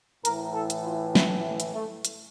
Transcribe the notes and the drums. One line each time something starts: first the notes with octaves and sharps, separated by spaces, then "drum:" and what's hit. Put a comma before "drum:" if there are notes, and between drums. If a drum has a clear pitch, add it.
A2 E3 A#4, drum: hi-hat
A4
drum: hi-hat
F4
E4, drum: snare
E4
drum: hi-hat
A3
drum: hi-hat